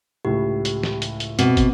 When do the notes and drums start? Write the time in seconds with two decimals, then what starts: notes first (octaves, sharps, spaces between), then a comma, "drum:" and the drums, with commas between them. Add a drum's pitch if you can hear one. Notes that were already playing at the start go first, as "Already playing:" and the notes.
0.25 C#2 A2 G4
0.65 drum: hi-hat
0.83 drum: snare
1.02 drum: hi-hat
1.20 drum: hi-hat
1.39 B2 C4, drum: hi-hat
1.57 drum: kick, hi-hat